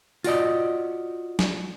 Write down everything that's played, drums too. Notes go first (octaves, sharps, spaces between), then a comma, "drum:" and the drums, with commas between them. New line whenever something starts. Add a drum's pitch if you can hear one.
F4 F#4 D5 D#5, drum: open hi-hat
drum: snare